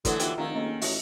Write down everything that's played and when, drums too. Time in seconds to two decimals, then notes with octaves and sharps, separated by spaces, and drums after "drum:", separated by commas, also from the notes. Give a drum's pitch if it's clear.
0.05 A2 D3 E3 F#3 F#4 A4 B4, drum: kick, hi-hat
0.20 D#2 F4 C5 E5 G5, drum: hi-hat
0.38 F1 D#3 D5 F5 A#5
0.55 A#3 C#4 G#4 D#5
0.82 A1 F#4 C#5 E5, drum: open hi-hat